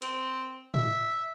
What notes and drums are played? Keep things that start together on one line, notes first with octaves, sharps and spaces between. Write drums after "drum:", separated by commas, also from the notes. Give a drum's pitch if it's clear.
C4, drum: hi-hat
E5, drum: tom